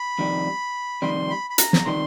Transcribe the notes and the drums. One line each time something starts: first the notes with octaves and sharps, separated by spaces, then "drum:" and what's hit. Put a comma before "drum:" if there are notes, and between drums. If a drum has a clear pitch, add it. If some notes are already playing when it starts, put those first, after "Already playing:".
Already playing: B5
F2 C3 D#3 G3
F2 C3 D#3 G3 C6
B5
B5
A#5, drum: hi-hat
drum: snare
C3 D#3 G3 C6